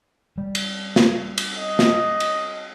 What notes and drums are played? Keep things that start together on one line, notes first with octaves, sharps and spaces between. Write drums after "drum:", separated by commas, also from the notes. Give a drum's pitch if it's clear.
G3
drum: cymbal
drum: snare
drum: cymbal
D#5
drum: snare
drum: cymbal